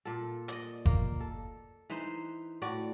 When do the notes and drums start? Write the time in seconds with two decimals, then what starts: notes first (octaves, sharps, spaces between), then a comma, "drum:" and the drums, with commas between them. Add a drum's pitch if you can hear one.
0.05 A#2 A4
0.48 D5 D#5, drum: hi-hat
0.85 A#3, drum: kick F#1
1.20 A4
1.90 E3 D#4 B4 C5
2.62 A2 F#4 D5